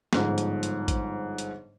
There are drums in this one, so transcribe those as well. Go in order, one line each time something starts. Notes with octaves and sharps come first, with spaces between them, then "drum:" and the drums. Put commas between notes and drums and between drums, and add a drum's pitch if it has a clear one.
G1 G#2 F3, drum: snare
drum: hi-hat
drum: hi-hat
drum: kick, hi-hat
drum: hi-hat